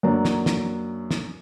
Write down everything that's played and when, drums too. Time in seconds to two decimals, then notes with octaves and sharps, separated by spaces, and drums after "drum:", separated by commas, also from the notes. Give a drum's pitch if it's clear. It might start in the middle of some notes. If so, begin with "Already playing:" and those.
0.03 F#2 F#3 A#3 D4
0.25 drum: snare
0.46 drum: snare
1.11 drum: snare